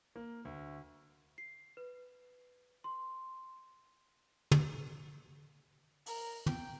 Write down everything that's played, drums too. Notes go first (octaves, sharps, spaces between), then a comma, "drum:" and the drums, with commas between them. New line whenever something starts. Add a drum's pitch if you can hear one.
A#3
D2
C7
B4
C6
drum: tom
A#4, drum: open hi-hat
G5, drum: tom